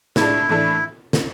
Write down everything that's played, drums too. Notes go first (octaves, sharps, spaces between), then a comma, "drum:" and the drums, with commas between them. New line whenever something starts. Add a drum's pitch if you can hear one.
A2 G#3 D4 E4, drum: snare
A2 E3 A3 D4
drum: snare